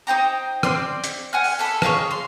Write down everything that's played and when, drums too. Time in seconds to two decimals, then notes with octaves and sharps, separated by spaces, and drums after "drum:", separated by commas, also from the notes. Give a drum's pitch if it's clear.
0.07 D#4 C5 G5 A#5
0.63 C4 D5 C6, drum: rim click
1.04 drum: hi-hat
1.33 F#5 G#5 F6
1.44 drum: open hi-hat
1.59 A4 B5
1.82 D#4 F4 G#4 C#5, drum: rim click
2.11 C6